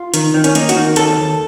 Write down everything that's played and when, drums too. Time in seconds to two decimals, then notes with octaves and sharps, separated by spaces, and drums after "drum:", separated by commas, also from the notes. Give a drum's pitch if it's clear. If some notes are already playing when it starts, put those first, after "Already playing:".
Already playing: F4
0.14 D#3, drum: hi-hat
0.34 D#3
0.44 C#4, drum: hi-hat
0.55 A#3 D#4, drum: hi-hat
0.69 F#4, drum: hi-hat
0.76 D#3
0.96 D#2 A4, drum: hi-hat
1.17 D#2